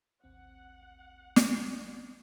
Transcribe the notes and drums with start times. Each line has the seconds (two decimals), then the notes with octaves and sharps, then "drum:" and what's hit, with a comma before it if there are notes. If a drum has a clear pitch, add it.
0.24 A1 D#2 C4 F#5
1.36 drum: snare